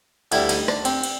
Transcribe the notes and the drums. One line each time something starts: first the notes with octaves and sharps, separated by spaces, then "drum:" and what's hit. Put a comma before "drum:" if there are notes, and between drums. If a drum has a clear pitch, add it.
D2 D3 G3 E4, drum: cymbal
D#4, drum: cymbal
D4, drum: rim click
C4, drum: cymbal
drum: cymbal